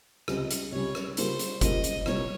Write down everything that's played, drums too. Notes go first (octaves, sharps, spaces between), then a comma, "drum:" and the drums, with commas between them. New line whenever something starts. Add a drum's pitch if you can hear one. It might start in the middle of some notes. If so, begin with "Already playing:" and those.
C#2 C3 G3 C#4 D#5, drum: rim click
drum: hi-hat
C#2 C3 G3 C#4 C#5
drum: rim click
C#3 G3 A#3 C#4 F4 C5, drum: hi-hat
drum: hi-hat
C#3 G3 A#3 C#4 F4 D#5, drum: kick F#1, hi-hat
drum: hi-hat
C2 A#2 G3 C#5, drum: rim click